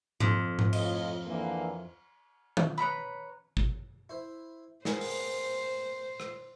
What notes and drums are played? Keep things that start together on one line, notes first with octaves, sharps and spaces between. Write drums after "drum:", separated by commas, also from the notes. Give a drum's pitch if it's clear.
F2, drum: tom G#2
drum: tom G#2
A2 F4 D#5, drum: cymbal
D3 E3 A#3
drum: tom D#3
B4 C#5 A#5 B5
drum: kick
E4 C5
B3 G#4 A#4 C5, drum: snare
drum: open hi-hat
drum: rim click